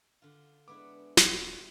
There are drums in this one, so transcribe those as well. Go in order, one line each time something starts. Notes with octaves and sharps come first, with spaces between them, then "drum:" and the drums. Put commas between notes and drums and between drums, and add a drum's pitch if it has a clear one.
D3 F4
G#3 B3 D4 E4 F#5 D6
D#1 D3 G3 F#4, drum: snare